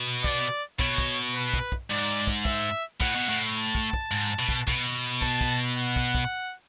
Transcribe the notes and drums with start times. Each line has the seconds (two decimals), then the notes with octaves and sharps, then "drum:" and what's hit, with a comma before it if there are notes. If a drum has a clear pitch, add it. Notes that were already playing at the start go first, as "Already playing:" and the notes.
Already playing: B2
0.24 D5, drum: kick
0.79 B2 C#5, drum: kick
0.98 drum: kick
1.36 B4
1.54 drum: kick
1.72 drum: kick
1.90 G#2 D5
2.27 drum: kick
2.45 E5, drum: kick
3.01 A2 F#5, drum: kick
3.16 B2
3.29 A2
3.57 A5
3.75 drum: kick
3.93 drum: kick
4.12 G#2
4.39 B2
4.49 drum: kick
4.68 B2, drum: kick
5.22 A5, drum: kick
5.41 drum: kick
5.77 F#5
5.96 drum: kick
6.15 drum: kick